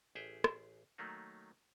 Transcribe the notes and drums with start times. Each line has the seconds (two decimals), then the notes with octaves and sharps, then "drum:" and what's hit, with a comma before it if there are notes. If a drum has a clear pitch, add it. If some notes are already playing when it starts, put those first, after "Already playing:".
0.15 A1 G#4 E5 G5
0.44 drum: rim click
0.98 D#3 F#3 A3 A#3 D#4